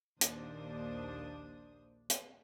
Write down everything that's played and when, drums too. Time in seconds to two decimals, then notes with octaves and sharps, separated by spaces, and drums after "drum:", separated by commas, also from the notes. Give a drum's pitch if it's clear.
0.21 A#1 D#2 D4 C5 D#6, drum: hi-hat
2.10 drum: hi-hat